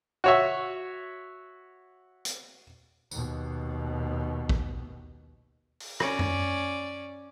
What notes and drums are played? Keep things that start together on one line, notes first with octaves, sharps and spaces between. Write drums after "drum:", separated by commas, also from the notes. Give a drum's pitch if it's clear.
F#4 C#5 E5
drum: hi-hat
D#2 B2, drum: tambourine
drum: kick
drum: open hi-hat
C#4 D5, drum: rim click
drum: tom F#2